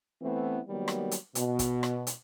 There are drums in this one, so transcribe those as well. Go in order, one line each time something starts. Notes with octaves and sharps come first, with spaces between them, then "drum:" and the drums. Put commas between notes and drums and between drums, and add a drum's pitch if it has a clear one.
E3 A3 B3 C4 E4
D#3 F#3 G3 A#3 B3
drum: rim click
drum: hi-hat
B2, drum: hi-hat
drum: kick, hi-hat
drum: rim click
drum: hi-hat